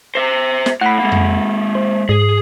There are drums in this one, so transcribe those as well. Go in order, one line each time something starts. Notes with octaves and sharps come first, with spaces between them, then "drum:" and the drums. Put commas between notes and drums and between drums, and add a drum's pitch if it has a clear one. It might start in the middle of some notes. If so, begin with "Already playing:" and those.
C5 E5
drum: snare
A2 F#5 B5
G#3 A#3
drum: tom F2
C5
G#2 G#4